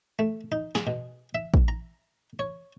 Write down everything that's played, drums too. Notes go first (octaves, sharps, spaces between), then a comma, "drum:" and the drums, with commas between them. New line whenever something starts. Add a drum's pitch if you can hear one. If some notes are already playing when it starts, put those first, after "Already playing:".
A3
D#4
G#4, drum: snare
B2
E5
drum: kick
A#5
C#5